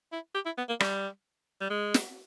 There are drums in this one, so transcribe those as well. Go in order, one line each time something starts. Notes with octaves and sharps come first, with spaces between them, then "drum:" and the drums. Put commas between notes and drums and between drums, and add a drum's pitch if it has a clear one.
E4
G4
E4
B3
A#3
G3, drum: rim click
G3
G#3
drum: snare